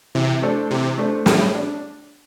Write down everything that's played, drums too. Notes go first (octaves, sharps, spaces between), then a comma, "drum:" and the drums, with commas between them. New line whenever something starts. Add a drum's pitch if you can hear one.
C3 E3
A3 D4 A4 C5
C3 E3
A3 D4 A4 C5
A2 G3, drum: snare
D4